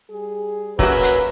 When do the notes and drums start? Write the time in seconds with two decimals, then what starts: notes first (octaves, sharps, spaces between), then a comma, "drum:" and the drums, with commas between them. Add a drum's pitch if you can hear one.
0.11 G3 G#4
0.79 F#3 A#3 C#4 F#4 B4 E5, drum: kick
1.03 drum: hi-hat